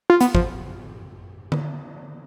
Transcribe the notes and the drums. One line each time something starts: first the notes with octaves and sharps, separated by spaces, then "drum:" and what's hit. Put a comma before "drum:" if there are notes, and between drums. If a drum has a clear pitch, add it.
F4
B3, drum: hi-hat
F3, drum: kick
drum: tom D3